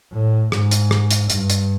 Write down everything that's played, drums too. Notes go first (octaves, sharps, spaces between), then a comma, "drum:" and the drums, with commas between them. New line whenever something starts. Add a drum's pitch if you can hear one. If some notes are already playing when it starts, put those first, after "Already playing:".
A2
G#2, drum: rim click
drum: hi-hat
drum: rim click
drum: hi-hat
G2, drum: hi-hat
drum: hi-hat